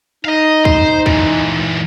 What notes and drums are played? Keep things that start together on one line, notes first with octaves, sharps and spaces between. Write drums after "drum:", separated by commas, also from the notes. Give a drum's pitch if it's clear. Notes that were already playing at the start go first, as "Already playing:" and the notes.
D#4 D#5 F5
C5, drum: kick C2
A#2 E3, drum: kick C2